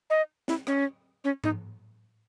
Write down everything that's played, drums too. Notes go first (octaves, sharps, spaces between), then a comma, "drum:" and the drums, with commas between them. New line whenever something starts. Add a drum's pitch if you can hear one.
D#5
E4, drum: snare
C#4, drum: rim click
C#4
D#4, drum: tom G#2